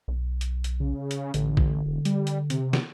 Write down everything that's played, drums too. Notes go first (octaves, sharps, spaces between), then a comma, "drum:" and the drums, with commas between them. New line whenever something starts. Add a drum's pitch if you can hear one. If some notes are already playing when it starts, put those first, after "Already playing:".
B1
drum: hi-hat
drum: hi-hat
C#3
drum: hi-hat
A1 D3, drum: hi-hat
drum: kick
E1
G3, drum: hi-hat
drum: hi-hat
C3, drum: hi-hat
drum: snare